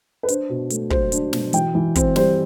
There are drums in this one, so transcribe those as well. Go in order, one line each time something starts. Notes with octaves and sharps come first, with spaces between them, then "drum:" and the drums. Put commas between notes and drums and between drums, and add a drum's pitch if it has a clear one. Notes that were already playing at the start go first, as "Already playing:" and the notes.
B4
D4 C5, drum: hi-hat
B2
A3, drum: hi-hat
F#3 C5, drum: kick
D4, drum: hi-hat
B2, drum: snare
E3 G5, drum: hi-hat
E3
C4, drum: kick, hi-hat
G3 C5, drum: snare